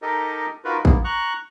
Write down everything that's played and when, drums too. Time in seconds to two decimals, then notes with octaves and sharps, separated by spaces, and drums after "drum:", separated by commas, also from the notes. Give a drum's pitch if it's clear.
0.02 D#4 G4 A4 A#4 D#5
0.65 D#4 F4 F#4 A#4 B4
0.85 A#3 B3, drum: kick A#1
1.04 A#5 C#6 F#6